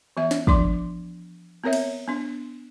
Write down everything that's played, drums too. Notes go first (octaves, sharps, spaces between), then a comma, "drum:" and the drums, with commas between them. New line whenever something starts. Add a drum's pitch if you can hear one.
E3 B3 E5
drum: snare
F3 D4 C6 D6, drum: kick
B3 C4 A#4 C#5 E5
drum: cymbal
B3 D4